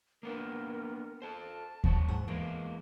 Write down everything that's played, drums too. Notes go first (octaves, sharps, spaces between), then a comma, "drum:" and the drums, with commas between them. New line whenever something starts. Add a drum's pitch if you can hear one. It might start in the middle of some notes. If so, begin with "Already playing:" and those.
A#3 B3 D4 A#4
A4 C5 A5
F#3 C5 C#5, drum: kick D#2
G#2 F#5
E2 G#3 A#3